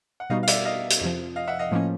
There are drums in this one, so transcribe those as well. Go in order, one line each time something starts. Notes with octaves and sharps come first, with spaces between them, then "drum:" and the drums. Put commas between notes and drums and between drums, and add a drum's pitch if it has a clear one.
F#5
B2 G3 B3 D#4 F#4 D#5 F5
F5
D5 E5, drum: hi-hat
D#5 F5
drum: hi-hat
F2 C3 F3
D#5 F5
E5 F#5
D#5 F5
A2 F3 A#3 C#4